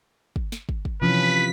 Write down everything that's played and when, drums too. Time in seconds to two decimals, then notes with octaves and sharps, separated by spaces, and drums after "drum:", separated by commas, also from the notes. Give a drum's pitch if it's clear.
0.36 drum: kick
0.52 drum: snare
0.69 drum: kick
0.85 drum: kick
1.02 C3 E3 F3 C#4 B4 B6